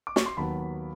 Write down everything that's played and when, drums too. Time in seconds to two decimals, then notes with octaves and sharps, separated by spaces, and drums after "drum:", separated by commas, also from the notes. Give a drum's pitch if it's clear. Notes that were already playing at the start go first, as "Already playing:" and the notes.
0.07 D6
0.16 C#6, drum: snare
0.26 C6
0.37 D#2 D#3 F#3 B3 A5 B5